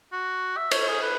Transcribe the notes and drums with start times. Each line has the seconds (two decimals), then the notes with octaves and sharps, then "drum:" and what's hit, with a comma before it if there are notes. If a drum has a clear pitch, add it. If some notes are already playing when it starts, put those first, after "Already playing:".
0.12 F#4
0.57 E5
0.71 C#5, drum: cymbal
0.88 G#4
1.02 B4